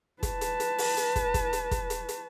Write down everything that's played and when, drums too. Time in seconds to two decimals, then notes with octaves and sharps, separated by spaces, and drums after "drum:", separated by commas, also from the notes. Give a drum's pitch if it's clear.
0.23 B4 A5, drum: kick, hi-hat
0.41 drum: hi-hat
0.60 drum: hi-hat
0.78 drum: open hi-hat
0.97 drum: hi-hat
1.16 drum: kick, hi-hat
1.34 drum: kick, hi-hat
1.53 drum: hi-hat
1.71 drum: kick, hi-hat
1.90 drum: hi-hat
2.09 drum: hi-hat